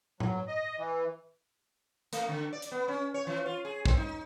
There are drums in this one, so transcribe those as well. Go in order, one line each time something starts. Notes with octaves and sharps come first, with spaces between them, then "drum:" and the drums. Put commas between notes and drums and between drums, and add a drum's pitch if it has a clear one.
F#3, drum: tom A2
D#5
E3
A3, drum: hi-hat
D3
D5
drum: hi-hat
B3
C#4
C#5
E3
F4
G#4
C4, drum: kick
D#4